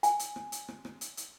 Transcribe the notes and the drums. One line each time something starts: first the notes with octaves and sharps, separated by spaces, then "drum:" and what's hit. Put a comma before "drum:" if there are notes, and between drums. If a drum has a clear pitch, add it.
G#5, drum: hi-hat
drum: hi-hat
drum: rim click
drum: hi-hat
drum: rim click
drum: rim click
drum: hi-hat
drum: hi-hat